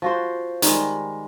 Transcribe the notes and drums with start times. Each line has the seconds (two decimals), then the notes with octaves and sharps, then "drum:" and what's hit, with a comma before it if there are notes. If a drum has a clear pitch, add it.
0.02 F3 F#4 C5
0.62 D#3 G3 G#3, drum: hi-hat